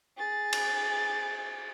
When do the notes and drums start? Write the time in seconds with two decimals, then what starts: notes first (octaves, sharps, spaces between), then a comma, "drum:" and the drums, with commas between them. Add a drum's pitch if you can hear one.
0.17 G#4 A6
0.52 drum: cymbal